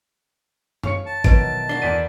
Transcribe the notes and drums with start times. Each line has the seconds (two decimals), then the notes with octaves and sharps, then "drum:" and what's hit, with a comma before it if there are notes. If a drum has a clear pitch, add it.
0.83 C#5 F5 C#6 C#7, drum: tom F#2
1.06 A5
1.24 B2 D#3 E3 F#3 D7, drum: kick A1
1.69 A#3 D4 F#4 C7 G7
1.82 E2 D5 B6 D#7